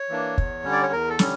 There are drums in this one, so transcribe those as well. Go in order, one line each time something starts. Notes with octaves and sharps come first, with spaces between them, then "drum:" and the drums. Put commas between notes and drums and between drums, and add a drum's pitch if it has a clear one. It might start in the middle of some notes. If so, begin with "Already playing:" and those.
Already playing: C#5
E3 A#3 D4
E2, drum: kick
D3 G3 C#4
D5
C#5
E2 A#4
A4
D3 G3 C#4, drum: snare